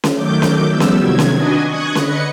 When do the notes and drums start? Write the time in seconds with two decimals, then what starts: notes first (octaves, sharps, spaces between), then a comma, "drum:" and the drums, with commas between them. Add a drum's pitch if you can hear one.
0.04 drum: snare C#4
0.13 D#3 F#3 A3 D6 G6
0.42 drum: snare C#4
0.67 F3 G3 B3 E6
0.80 drum: snare C#4
0.98 C3 D#3 F#3 G#6
1.19 drum: snare C#4
1.32 D4 F#4 B4 D#5 G#5
1.65 C#6 D#6 F#6 G#6
1.95 D3 B4 D#5 C#7, drum: snare C#4